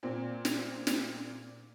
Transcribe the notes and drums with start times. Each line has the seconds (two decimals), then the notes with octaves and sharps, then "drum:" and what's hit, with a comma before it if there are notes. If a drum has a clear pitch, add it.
0.03 A#2 C4
0.45 drum: snare
0.87 drum: snare